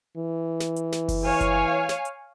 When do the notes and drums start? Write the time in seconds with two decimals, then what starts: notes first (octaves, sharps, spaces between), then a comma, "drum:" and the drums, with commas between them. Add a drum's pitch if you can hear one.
0.17 E3
0.60 drum: snare
0.76 drum: hi-hat
0.92 drum: snare
1.09 drum: kick F#1, open hi-hat
1.25 C#5 F5 G#5
1.41 drum: kick F#1, hi-hat
1.89 drum: snare
2.05 drum: hi-hat